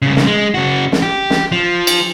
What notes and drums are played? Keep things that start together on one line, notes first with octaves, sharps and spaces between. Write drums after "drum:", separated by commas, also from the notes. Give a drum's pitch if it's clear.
C2 C#3
drum: snare
G#3
C#3 F#4
drum: snare
G4
drum: snare
F3
drum: cymbal